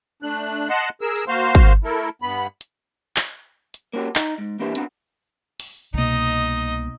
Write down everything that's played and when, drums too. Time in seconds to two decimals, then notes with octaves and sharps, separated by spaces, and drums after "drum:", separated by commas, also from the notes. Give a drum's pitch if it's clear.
0.22 A3 D4 F#6
0.69 D#5 F#5 A5 C6 F#6
1.01 G#4 A#4 E6
1.16 drum: tambourine
1.28 A#3 F#4 C5 F5 C6
1.55 drum: kick
1.84 A3 E4 A4 A#4
2.22 G2 B3 B5
2.61 drum: hi-hat
3.16 drum: clap
3.74 drum: hi-hat
3.93 A#3 B3 C#4 F#4 G4
4.15 D#4, drum: clap
4.38 G#2
4.59 E3 A#3 D4 E4 G4 B4
4.75 B3 C4 D4 F#4 F#5, drum: hi-hat
5.60 drum: open hi-hat
5.94 C2 B2 A#3 D#4 D#5